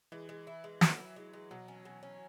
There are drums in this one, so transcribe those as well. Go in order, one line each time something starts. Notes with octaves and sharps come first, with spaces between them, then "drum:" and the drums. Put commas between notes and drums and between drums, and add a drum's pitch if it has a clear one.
E3 G#3
G#3
E4
G#3
F#3 B3, drum: snare
E4
G#3
G#3
B2 F#3
C#4
B2
C#4